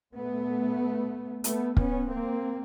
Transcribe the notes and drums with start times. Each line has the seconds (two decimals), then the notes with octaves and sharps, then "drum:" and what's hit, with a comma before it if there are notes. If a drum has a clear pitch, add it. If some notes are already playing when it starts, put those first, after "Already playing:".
0.15 A#2 A3 B3
1.44 A3 B3, drum: hi-hat
1.77 B3 C#4, drum: kick
2.09 A#3 C4